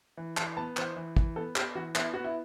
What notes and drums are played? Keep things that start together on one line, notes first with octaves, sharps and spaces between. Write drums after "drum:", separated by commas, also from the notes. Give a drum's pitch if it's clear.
E3
E3 A5, drum: clap
B3 A5
E3 C5, drum: clap
E3
E3, drum: kick
B3 A4
B3 G4, drum: clap
E3 F#4
B3 E4, drum: clap
B3 F#4
E4